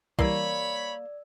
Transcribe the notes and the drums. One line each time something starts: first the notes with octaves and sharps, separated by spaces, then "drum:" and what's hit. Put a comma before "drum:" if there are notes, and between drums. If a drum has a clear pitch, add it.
E3 G3 A#3 C#5 D5 B5 E6, drum: kick